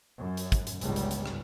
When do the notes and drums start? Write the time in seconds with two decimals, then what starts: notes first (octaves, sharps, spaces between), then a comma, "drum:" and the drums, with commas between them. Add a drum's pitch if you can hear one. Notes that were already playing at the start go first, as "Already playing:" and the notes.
0.18 F#2
0.37 drum: hi-hat
0.52 drum: kick, hi-hat
0.67 drum: hi-hat
0.81 G1 C#2 G#2 G3, drum: hi-hat
0.96 drum: hi-hat
1.11 drum: hi-hat
1.26 drum: rim click